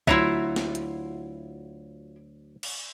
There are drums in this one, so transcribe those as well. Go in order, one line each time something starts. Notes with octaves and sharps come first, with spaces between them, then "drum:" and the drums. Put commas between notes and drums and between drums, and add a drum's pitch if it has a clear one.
D2 F#3 E4 F4 E5 A#5, drum: kick
drum: snare
drum: hi-hat
drum: cymbal